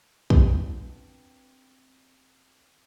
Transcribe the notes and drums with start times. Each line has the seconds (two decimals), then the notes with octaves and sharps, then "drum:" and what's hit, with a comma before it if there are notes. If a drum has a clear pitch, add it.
0.30 C4 D4 F4 F#4 B4, drum: kick